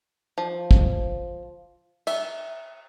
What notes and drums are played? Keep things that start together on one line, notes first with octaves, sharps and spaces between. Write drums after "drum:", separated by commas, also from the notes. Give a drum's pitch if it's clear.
F3
drum: kick
E5, drum: cymbal